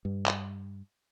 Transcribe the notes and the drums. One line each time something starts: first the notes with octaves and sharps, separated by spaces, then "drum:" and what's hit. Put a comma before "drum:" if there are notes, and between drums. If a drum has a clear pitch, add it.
G2
drum: clap